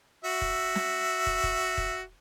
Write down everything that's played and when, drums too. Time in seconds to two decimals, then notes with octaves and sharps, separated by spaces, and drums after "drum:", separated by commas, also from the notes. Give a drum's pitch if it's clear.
0.25 F#4 E5
0.42 drum: kick
0.76 drum: snare
1.27 drum: kick
1.44 drum: kick
1.78 drum: kick